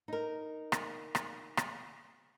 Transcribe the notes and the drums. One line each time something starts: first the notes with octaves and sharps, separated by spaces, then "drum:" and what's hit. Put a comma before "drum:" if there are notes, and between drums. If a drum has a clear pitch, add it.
D#4 A#4
drum: rim click
drum: rim click
drum: rim click